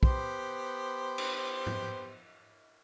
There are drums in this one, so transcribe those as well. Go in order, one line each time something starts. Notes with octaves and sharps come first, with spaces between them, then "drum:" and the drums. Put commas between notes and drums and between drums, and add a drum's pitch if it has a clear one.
B3 G4 C5, drum: kick
drum: cymbal
drum: tom G#2